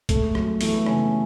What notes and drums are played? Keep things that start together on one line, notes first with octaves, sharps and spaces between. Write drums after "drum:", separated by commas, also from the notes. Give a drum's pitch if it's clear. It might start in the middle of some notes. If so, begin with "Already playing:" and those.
G#3 A3 A4, drum: kick B1, hi-hat
F#2, drum: rim click
E3 A3 A4, drum: open hi-hat
B3 B4
C#3 C#4 C#5, drum: rim click